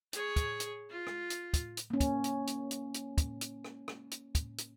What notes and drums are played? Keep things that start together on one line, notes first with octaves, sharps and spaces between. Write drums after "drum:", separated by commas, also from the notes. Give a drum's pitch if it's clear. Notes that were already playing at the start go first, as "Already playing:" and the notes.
G#4 C#5, drum: hi-hat
drum: kick, hi-hat
drum: hi-hat
F4
drum: rim click
drum: hi-hat
drum: kick, hi-hat
drum: hi-hat
A#3 C#4
drum: kick, hi-hat
drum: hi-hat
drum: hi-hat
drum: hi-hat
drum: hi-hat
drum: kick, hi-hat
drum: hi-hat
drum: rim click
drum: rim click
drum: hi-hat
drum: kick, hi-hat
drum: hi-hat